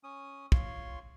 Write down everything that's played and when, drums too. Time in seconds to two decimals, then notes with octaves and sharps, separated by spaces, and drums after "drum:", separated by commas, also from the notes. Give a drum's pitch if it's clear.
0.04 C#4 D#6
0.52 F4 C#5 C6, drum: kick